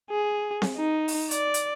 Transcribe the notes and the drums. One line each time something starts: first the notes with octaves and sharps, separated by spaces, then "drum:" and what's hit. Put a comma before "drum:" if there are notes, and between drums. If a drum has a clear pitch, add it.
G#4
drum: snare C4
D#4
drum: open hi-hat
D5, drum: hi-hat
drum: hi-hat